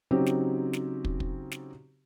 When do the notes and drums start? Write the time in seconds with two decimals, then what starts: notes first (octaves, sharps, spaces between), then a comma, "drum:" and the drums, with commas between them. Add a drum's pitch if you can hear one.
0.11 C#3 F#3 C4 D#4 G4
0.26 drum: snare
0.73 drum: snare
1.05 drum: kick
1.20 drum: kick
1.51 drum: snare